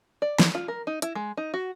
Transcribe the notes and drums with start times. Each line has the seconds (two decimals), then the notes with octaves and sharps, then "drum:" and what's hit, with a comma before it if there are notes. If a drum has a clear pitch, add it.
0.22 D5
0.39 drum: snare
0.55 F4
0.68 A#4
0.87 D#4
1.02 E4, drum: hi-hat
1.15 G#3
1.37 D#4
1.54 F#4